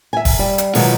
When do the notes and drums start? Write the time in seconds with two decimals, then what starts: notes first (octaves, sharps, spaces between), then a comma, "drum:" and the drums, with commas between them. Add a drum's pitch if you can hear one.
0.13 E5 G#5
0.25 drum: kick F1, open hi-hat
0.39 G3
0.58 drum: hi-hat
0.75 B2 D#3 E3 F#3 G#3 F4, drum: open hi-hat